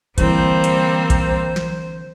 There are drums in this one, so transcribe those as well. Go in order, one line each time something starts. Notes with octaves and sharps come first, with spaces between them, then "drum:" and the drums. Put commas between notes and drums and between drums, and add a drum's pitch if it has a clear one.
D3 E3 G3 A#3 C4 C5, drum: kick A#1, hi-hat
drum: hi-hat
drum: kick A#1, hi-hat
drum: snare